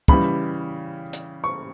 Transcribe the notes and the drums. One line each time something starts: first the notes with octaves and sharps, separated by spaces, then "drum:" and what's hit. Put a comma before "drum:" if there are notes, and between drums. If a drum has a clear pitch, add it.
C#3 E3 G3 B5, drum: kick
drum: hi-hat
C#6